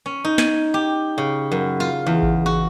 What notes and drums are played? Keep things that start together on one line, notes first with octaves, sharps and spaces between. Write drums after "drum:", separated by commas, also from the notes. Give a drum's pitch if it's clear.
C#4
D#4
G#5, drum: snare
G4
C#3
F#2
F4
E2
drum: kick A1
F#4